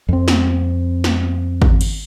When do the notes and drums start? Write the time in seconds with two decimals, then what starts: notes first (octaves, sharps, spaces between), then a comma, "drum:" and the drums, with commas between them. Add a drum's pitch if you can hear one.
0.09 F2 C4
0.28 drum: snare
1.04 drum: snare
1.62 drum: kick G#1
1.81 drum: cymbal